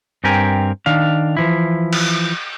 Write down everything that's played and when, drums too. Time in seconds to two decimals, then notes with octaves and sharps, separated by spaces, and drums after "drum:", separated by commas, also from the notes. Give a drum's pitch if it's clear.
0.24 G2 C4 G4 A#4 G#5
0.86 D#3 D4 F5
1.37 E3 F3 E4
1.93 drum: cymbal